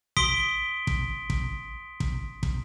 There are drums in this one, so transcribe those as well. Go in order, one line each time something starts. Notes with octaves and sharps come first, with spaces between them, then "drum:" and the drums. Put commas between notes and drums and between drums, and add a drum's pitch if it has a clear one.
C6 D#6 B6 D7 G7, drum: kick
drum: kick
drum: kick
drum: kick
drum: kick